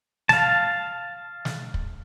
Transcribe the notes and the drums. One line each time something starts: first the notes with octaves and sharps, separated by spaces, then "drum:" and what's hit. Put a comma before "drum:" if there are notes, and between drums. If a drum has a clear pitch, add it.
F5 A5, drum: snare
drum: snare
drum: kick